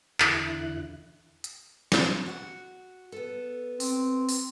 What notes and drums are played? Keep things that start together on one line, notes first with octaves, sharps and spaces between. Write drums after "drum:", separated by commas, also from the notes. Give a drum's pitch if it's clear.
E2 D3 E4 F#6, drum: clap
drum: hi-hat
drum: snare
F#4 F#5
B3 A4
C4, drum: open hi-hat
drum: open hi-hat